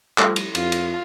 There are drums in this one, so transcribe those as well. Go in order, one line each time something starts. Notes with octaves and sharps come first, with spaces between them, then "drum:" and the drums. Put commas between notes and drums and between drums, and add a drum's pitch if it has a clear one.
F3 G3 A3, drum: clap
drum: cymbal
F2 F4, drum: cymbal
drum: cymbal